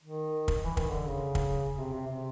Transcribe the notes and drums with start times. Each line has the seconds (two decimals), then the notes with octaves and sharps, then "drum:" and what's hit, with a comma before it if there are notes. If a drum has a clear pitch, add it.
0.04 D#3
0.48 drum: kick
0.62 E3
0.77 D#3, drum: kick
0.92 D3
1.05 C#3
1.35 drum: kick
1.78 C3
1.93 C3
2.07 C3